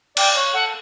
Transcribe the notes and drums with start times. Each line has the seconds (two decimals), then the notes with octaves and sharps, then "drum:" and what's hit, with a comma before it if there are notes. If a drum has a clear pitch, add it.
0.17 D5 G5, drum: cymbal
0.35 C#5
0.53 A4 F#5